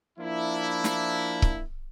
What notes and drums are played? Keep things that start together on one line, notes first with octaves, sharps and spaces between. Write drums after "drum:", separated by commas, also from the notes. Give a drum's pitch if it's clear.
F3 A#3 D4 E4
drum: snare
drum: kick C#1